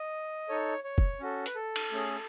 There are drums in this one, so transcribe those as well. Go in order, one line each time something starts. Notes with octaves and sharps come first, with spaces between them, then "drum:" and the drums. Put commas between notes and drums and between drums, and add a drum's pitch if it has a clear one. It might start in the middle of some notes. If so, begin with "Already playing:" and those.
Already playing: D#5
D#4 A4 C#5
C#5
drum: kick
C#4 F#4 A4
B4, drum: hi-hat
A4
drum: cymbal
A3 C#4 G#4